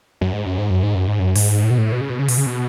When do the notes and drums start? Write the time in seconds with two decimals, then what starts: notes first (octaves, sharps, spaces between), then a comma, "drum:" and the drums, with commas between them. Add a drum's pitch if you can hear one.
0.21 F#2
0.33 G#2
0.46 F#2
0.58 G#2
0.70 F#2
0.83 G#2
0.95 F#2
1.08 G#2
1.20 F#2
1.36 G#2, drum: open hi-hat
1.63 A2
1.70 B2
1.78 A2
1.92 B2
2.01 C#3
2.10 B2
2.19 C#3
2.29 B2, drum: open hi-hat
2.38 C#3
2.46 B2